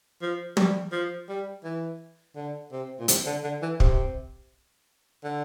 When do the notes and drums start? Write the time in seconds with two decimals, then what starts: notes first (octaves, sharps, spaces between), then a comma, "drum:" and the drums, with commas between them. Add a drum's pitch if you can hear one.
0.21 F3
0.57 G3, drum: tom
0.92 F3
1.29 G3
1.64 E3
2.36 D3
2.72 C3
2.99 A#2
3.08 C3, drum: hi-hat
3.26 D3
3.44 D3
3.62 E3
3.80 C3, drum: kick
5.24 D3